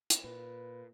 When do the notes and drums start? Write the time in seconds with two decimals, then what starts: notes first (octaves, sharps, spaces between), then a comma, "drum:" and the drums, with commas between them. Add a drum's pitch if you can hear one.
0.10 drum: hi-hat
0.24 A#2 B4